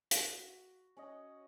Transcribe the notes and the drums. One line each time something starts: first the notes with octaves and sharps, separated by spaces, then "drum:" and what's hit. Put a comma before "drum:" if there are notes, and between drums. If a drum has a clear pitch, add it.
F#4, drum: hi-hat
C#4 C#5 D#5 F#5